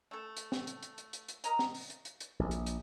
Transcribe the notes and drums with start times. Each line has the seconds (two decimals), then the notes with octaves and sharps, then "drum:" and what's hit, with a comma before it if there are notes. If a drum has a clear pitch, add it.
0.11 A3 A4
0.37 drum: hi-hat
0.52 drum: snare
0.67 drum: hi-hat
0.83 drum: hi-hat
0.98 drum: hi-hat
1.13 drum: hi-hat
1.29 drum: hi-hat
1.44 A#4 D#5 A#5, drum: hi-hat
1.59 drum: snare
1.74 drum: open hi-hat
1.90 drum: hi-hat
2.05 drum: hi-hat
2.20 drum: hi-hat
2.39 A#1
2.51 drum: hi-hat
2.66 drum: hi-hat